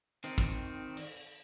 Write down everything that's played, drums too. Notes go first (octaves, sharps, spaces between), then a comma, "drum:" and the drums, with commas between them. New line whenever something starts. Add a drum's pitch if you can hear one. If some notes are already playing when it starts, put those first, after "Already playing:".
D#3 C4
drum: kick
drum: cymbal